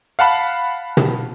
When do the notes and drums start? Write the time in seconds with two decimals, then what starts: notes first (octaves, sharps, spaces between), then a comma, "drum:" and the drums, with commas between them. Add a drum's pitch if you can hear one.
0.19 F5 F#5 A5 B5
0.97 drum: tom